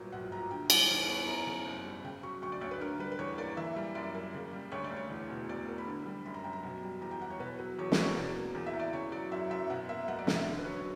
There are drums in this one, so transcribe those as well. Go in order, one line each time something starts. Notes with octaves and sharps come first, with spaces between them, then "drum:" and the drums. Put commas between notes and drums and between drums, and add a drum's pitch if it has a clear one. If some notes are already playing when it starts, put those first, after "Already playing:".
Already playing: G1 A#2 F#3
A#1 F#5
A#1 A#5
D3 G5
G3 F#5, drum: cymbal
E2 D5
B4
B3 C#5
F#2 A#5
C#3
F#1
G3
C#3 G5
F#3 C#6
D2 C#6
D5
D2 C#5
B4
D3 A#4
G3 B4
B4
E2 C#5
A#3 D5
E3 E5
G3
F#2 D5
A#3
C#3
G3
D2 C#5
D5
D2
C#5
E2
B2
E1 D5
A#3
B5
D3
G3
F#2 B5
A#5
F#2 G5
A#5
B2
G3
E2 A#5
G5
E2 F#5
C#5
B2 B4
F#3 B4
E2 C#5
B4, drum: snare
E2 C#5
B2 D5
A#3
E2
E5
E2
D5
C#3 C#5
F#3 D5
F#2 E5
F#2 E5
B2 F#5
A#3 E5
B1 F#5
D5
B1 E5, drum: snare
D3
B4
F#3 C#5
C#5